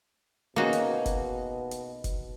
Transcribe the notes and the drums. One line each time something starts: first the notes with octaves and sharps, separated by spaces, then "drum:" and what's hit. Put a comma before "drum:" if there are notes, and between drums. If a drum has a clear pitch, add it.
B2 A#3 C#4 D#4 F#4 G#4
drum: hi-hat
drum: kick F1, hi-hat
drum: hi-hat
drum: kick F1, hi-hat